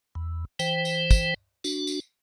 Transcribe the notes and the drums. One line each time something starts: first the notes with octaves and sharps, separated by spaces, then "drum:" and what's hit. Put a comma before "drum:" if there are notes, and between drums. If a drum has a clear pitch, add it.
E2
E3 C5 G5, drum: tambourine
drum: tambourine
drum: kick, tambourine
D4 F#4, drum: tambourine
drum: tambourine